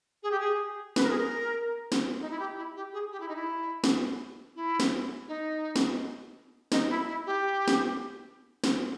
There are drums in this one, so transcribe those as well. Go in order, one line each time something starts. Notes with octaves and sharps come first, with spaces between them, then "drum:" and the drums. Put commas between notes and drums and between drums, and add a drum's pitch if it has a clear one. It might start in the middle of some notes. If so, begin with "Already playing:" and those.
G#4
G4
G#4
B4, drum: snare
A#4
G#4
A#4
drum: snare
D#4
E4
G4
E4
G4
G#4
G4
E4
D#4
E4
drum: snare
E4
drum: snare
D#4
drum: snare
D#4, drum: snare
E4
E4
G4
drum: snare
drum: snare